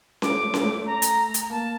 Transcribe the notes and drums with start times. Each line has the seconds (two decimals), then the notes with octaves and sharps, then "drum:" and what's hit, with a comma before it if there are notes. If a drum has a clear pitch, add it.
0.22 D6, drum: snare C#4
0.43 A3
0.54 drum: snare C#4
0.64 A3
0.86 A#5
1.02 drum: hi-hat
1.34 drum: hi-hat
1.50 A#3 A5